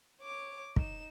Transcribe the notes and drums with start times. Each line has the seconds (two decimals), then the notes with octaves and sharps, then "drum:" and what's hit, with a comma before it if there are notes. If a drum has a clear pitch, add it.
0.22 C#5 D6
0.76 D#4 E7, drum: kick